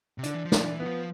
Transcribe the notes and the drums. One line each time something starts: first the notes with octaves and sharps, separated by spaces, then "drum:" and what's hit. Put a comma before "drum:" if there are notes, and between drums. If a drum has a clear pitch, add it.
C3
D3 D4, drum: hi-hat
E3
F3
D4, drum: snare
E3
B3
F3